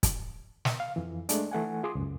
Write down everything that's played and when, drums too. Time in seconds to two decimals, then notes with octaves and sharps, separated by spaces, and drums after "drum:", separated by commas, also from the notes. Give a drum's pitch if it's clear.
0.03 drum: kick, hi-hat
0.65 drum: snare
0.80 F5
0.96 F2 E3
1.29 G#3 A3 D4, drum: hi-hat
1.51 E3 A3 F#5 G#5
1.83 F4 G#4 C6 D6 D#6
1.95 C#2 F#2